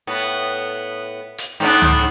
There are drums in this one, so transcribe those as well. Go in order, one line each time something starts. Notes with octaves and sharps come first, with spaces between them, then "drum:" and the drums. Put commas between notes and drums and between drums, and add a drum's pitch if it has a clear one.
A2 B3
drum: hi-hat
G#2 B3 D4
drum: tom C#2